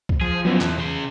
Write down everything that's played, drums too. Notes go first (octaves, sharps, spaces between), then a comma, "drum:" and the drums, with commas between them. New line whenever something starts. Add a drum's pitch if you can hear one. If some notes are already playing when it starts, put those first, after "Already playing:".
drum: kick C2
F3 G#4
F2 E3 F#3 B3 C#4
E2, drum: clap
C#3 C6